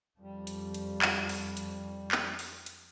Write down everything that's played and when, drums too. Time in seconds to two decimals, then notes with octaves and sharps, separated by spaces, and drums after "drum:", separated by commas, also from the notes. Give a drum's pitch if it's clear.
0.20 F2 F3 G3
0.47 drum: hi-hat
0.74 drum: hi-hat
1.02 drum: clap
1.29 drum: open hi-hat
1.57 drum: hi-hat
2.12 drum: clap
2.39 drum: open hi-hat
2.66 drum: hi-hat